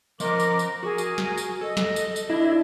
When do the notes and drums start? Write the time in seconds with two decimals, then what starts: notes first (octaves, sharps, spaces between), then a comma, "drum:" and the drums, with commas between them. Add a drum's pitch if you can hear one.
0.20 F3 A#4 D#5 D6, drum: tambourine
0.40 drum: tambourine
0.59 drum: tambourine
0.83 F#4 G#4 A#4
0.98 drum: tambourine
1.18 drum: snare
1.38 drum: tambourine
1.61 A4 D#5
1.77 drum: snare
1.96 drum: tambourine
2.16 drum: tambourine
2.30 D4 E4